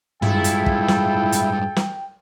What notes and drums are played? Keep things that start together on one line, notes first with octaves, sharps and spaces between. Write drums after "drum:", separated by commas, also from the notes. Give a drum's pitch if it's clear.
G2 G#3 E4 F4 G#4 A4 G5, drum: tom
drum: hi-hat
drum: kick
drum: snare
drum: hi-hat
drum: snare